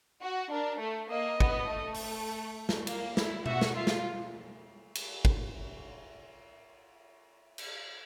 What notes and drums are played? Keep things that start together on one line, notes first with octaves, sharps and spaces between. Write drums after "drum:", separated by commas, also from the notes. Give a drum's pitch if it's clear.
F#4
D4 A#4
A3
A#3 D#5
B3, drum: kick
A3
drum: open hi-hat
drum: snare
A#3, drum: cymbal
E4, drum: snare
F#4 E5, drum: tom B2
drum: snare
F4 E5
drum: snare
drum: cymbal
drum: kick
drum: cymbal